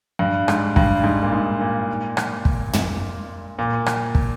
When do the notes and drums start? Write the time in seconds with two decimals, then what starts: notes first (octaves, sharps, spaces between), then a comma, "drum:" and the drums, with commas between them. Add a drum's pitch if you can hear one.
0.19 G2
0.48 G#2, drum: rim click
0.76 G2, drum: kick
1.04 G#2
1.22 A#2
1.32 G#2
1.61 A#2
2.17 drum: rim click
2.45 drum: kick
2.73 drum: tom
3.59 A#2
3.86 drum: rim click
4.15 drum: kick